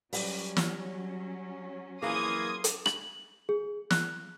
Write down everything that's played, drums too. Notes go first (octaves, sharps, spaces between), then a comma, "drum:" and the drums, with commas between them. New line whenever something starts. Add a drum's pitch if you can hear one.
F#3 G3 C#4, drum: open hi-hat
drum: snare
E3 F3 A#3 G#4 C6 D#6 G#6
drum: hi-hat
F#7, drum: rim click
G#4
F#6, drum: snare